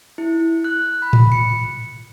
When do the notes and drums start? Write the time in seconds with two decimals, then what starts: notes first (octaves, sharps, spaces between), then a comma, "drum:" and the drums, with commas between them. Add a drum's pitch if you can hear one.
0.18 E4
0.64 F#6
1.02 B5
1.13 drum: tom A2
1.32 C#7